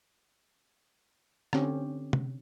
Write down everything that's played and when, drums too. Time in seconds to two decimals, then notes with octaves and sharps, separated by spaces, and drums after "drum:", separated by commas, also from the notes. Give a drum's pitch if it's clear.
1.53 D3 C4 C#4 G4, drum: rim click
2.13 drum: tom C3